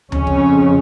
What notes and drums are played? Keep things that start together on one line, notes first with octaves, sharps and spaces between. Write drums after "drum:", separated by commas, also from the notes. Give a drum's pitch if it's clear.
F2 C#3 C#4, drum: tom D2
drum: kick